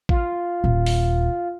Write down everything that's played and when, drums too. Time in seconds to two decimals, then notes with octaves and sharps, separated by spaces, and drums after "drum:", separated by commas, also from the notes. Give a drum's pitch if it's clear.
0.09 F4, drum: kick A1
0.64 D#1
0.86 drum: open hi-hat